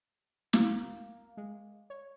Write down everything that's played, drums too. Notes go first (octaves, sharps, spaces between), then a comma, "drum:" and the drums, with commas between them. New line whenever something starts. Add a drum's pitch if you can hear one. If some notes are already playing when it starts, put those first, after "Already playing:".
A#3 A#5, drum: snare
G#3
C#5